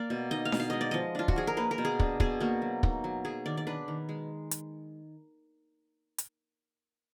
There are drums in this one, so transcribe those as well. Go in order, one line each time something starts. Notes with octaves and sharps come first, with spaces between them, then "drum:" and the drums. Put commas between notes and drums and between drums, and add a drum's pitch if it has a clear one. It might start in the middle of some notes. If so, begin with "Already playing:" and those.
Already playing: A#3 D5 F5
B2
D#4 D#5
F5
B2, drum: snare D4
F5
G#3 D#5
D5
F3 D#5
D4 F4
F#4, drum: kick
F3 G#4
A#4
A#3 B4
A#4
B2
G#4
D4, drum: kick
B2 G#4, drum: kick
A#3 F#4
F#3
D#4, drum: kick
F#3
F#3 G#4
D#3 D5
D5
D4 B4
D#3
G#3
drum: hi-hat
drum: hi-hat